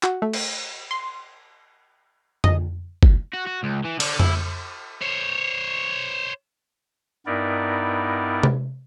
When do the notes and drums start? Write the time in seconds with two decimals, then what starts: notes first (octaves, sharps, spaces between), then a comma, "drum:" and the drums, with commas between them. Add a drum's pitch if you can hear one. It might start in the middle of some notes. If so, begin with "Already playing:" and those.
0.03 F#4, drum: clap
0.22 A3
0.33 drum: cymbal
0.91 C6
2.44 D#5, drum: tom F2
3.03 drum: kick
3.34 F#4
3.47 F#4
3.64 C#2
3.85 E3
4.00 D3, drum: cymbal
4.19 E4, drum: tom F2
5.01 C5 C#5
7.26 G2 B3 D#4 E4 A#4 D5
8.43 drum: tom C3